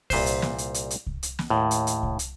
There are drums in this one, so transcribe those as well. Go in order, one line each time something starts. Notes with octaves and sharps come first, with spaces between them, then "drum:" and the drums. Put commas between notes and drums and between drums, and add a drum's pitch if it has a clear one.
C2 A#2 B4 C5, drum: kick C2, open hi-hat
drum: hi-hat
drum: snare
drum: hi-hat
drum: hi-hat
drum: hi-hat
drum: kick C2
drum: hi-hat
drum: snare
D#2 A2
drum: hi-hat
drum: hi-hat
drum: kick C2
drum: hi-hat